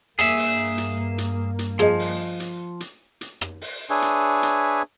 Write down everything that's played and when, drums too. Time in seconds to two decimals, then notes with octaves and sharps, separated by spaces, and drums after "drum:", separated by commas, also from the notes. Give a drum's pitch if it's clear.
0.19 G2 A#3 G#4 E5, drum: rim click
0.37 drum: open hi-hat
0.78 drum: hi-hat
1.18 drum: hi-hat
1.59 drum: hi-hat
1.79 F3 G#4 D#5, drum: rim click
1.99 drum: open hi-hat
2.40 drum: hi-hat
2.80 drum: hi-hat
3.21 drum: hi-hat
3.41 drum: rim click
3.61 drum: open hi-hat
3.90 D4 G#4 B4 C#5 E5 G#5
4.02 drum: hi-hat
4.43 drum: hi-hat